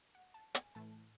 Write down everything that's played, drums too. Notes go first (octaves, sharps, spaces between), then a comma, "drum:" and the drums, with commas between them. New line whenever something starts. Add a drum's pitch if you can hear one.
F#5
A5
G#5, drum: hi-hat
A2 E3 A3 A5